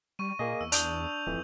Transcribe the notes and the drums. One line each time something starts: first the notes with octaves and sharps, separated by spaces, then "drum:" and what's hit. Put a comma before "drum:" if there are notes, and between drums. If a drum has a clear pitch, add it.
G3 C#6 D#7
A#2 A#3 G#4 D#5
E2 E6
D4 D#6 G6 F7, drum: hi-hat
D1 F2 E3